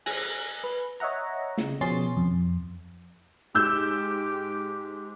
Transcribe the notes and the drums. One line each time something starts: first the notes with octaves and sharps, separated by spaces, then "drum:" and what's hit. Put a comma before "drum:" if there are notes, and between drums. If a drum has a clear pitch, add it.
G#5 F#6 A#6, drum: open hi-hat
B4
C#5 D#5 E5 F#5 A#5
C#3, drum: snare
B2 F3 C#4 G#4 C6 A6
F2
G#2 G4 E6 G6